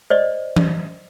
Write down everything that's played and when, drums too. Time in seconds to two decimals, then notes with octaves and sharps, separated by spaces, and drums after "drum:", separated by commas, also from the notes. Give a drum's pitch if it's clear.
0.10 C5 D5 D#5
0.56 drum: tom E3